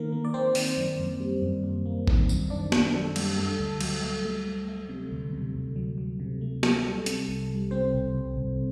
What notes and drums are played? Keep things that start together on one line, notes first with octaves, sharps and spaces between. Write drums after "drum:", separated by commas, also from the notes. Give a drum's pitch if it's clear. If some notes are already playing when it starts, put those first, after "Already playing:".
Already playing: D#3 A#3 A#4
A#3
D5
D#3 C4 C5
D#3, drum: open hi-hat
F#2
F#2
G3
F#2
A#3
A#3
D#3, drum: kick A1
F#2, drum: tambourine
D#3 D4 D5
A#3, drum: snare
F#2 A4
G3, drum: cymbal
A3 A4
D2
F#3, drum: cymbal
A3
A3
A3
A3
C3
D2
C3
D2
F#3
F#3
C3
A3
F#3, drum: snare
G3 A4
C3, drum: hi-hat
C2
G3
C2 C4 C5
C2
C2
C2